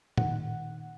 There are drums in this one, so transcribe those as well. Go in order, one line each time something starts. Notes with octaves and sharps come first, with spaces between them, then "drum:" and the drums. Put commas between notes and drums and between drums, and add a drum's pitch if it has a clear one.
A#2 D#3 F#5, drum: tom A2